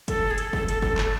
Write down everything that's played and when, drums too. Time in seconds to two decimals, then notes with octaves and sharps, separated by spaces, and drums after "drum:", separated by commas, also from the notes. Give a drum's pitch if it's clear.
0.08 A4, drum: kick, hi-hat
0.31 G#4
0.38 A4, drum: hi-hat
0.53 A4, drum: kick
0.68 A4, drum: hi-hat
0.82 A4, drum: kick
0.98 A4, drum: clap